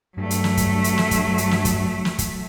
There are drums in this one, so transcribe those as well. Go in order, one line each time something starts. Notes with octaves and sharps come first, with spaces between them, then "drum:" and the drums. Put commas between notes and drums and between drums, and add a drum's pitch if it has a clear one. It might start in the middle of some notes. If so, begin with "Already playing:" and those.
G2 F#3 A3
drum: hi-hat
drum: snare
drum: kick, hi-hat
drum: hi-hat
drum: snare
drum: kick, hi-hat
drum: hi-hat
drum: snare
drum: kick, hi-hat
drum: snare
drum: kick, hi-hat